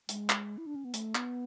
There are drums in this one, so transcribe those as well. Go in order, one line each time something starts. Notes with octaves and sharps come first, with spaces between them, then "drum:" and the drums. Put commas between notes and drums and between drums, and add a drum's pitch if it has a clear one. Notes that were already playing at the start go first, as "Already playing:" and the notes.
G#3, drum: hi-hat
drum: clap
E4
D4
C#4
B3
A3, drum: hi-hat
B3, drum: clap